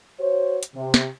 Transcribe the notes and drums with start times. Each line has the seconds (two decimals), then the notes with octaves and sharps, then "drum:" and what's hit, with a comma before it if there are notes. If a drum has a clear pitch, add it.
0.20 F#4 C5 C#5
0.63 drum: hi-hat
0.75 C3
0.94 drum: snare